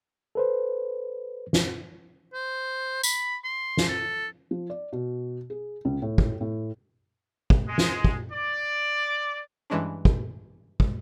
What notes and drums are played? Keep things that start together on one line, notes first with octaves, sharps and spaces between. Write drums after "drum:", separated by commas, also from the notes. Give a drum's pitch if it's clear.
A4 B4 C5
drum: snare
C5
B5, drum: tambourine
C6
drum: snare
A4
F3
D5
B2
G#4
C#2
A2
drum: kick
A2
drum: kick
G#3
drum: snare
drum: kick
D5
G2 E3 G#3 C#4 D4
drum: kick
drum: kick